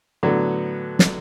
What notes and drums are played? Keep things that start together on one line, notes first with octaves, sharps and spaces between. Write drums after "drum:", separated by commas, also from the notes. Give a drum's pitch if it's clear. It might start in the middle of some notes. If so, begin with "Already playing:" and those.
A2 D3 F#3 B3
drum: snare